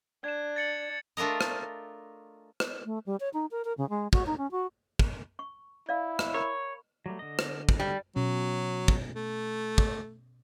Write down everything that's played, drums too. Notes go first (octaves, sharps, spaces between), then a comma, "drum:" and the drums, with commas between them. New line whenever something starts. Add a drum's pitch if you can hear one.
D4 G#6 E7
A6 C#7 F#7
A3 D4 F4 A#4 D#5
drum: rim click
drum: rim click
A3
G3
C#5
D#4
A#4
A#4
C#3
G#3
F#4, drum: kick
D#4
C#4
F#4
drum: kick
C#6
E4 D5 F5
drum: rim click
A#4 C#5 A#5 B5
F#3 G3 A3
D3 D#5
drum: rim click
drum: kick
G3
B2 F#3 C#4
drum: kick
A3
drum: kick